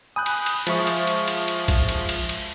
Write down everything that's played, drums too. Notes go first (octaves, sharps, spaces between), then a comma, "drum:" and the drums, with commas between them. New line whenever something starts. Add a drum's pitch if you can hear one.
G#5 B5 D#6 F#6 G6
drum: cymbal
drum: cymbal
F3 G#3 E5 C#6 B6, drum: cymbal
drum: cymbal
drum: cymbal
drum: cymbal
drum: cymbal
drum: kick, cymbal
drum: cymbal
drum: cymbal
drum: cymbal